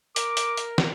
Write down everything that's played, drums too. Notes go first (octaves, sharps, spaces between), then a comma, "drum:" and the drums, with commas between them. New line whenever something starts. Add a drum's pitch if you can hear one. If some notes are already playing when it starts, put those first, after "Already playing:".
A#4 D6, drum: hi-hat
drum: hi-hat
drum: hi-hat
drum: snare